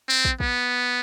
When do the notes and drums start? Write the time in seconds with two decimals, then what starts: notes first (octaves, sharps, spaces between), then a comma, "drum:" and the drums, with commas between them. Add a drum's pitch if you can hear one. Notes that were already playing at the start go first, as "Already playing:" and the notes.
0.08 C4
0.25 drum: kick
0.40 B3, drum: kick